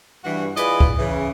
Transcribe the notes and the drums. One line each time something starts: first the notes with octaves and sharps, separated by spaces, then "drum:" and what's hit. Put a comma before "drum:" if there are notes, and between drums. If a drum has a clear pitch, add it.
G2 E3 F#4
E3 F4 G#4 B4 D5 D#5, drum: hi-hat
drum: kick
C#3 E3